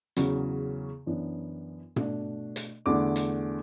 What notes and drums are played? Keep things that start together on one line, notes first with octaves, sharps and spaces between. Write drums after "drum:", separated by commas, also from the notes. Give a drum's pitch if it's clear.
E2 C#3 F#3 C#4, drum: hi-hat
F#2 E3 B3 D4
B2 A3 D4, drum: tom
drum: hi-hat
E2 D3 A3 D4 D6
drum: hi-hat